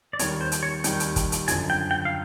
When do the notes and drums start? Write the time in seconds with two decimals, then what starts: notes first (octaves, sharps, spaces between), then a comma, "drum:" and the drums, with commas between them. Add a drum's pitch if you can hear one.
0.13 D5
0.19 D#2 D#3 G3 C#5, drum: hi-hat
0.41 C5
0.52 drum: hi-hat
0.63 C#5
0.84 D#2 D#3 G3 G5, drum: hi-hat
1.00 drum: hi-hat
1.16 drum: kick, hi-hat
1.32 drum: hi-hat
1.48 F#2 D3 F3 G#5, drum: hi-hat
1.70 G5
1.91 G5
2.05 F5